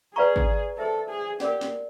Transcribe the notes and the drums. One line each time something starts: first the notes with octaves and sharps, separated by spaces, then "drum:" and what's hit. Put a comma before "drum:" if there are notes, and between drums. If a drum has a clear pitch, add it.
G#4 B4 D5 F5 A#5 C#6
drum: kick
G#4 A4 C5 E5
G#4
G4 A#4 D5 F#5, drum: snare
drum: snare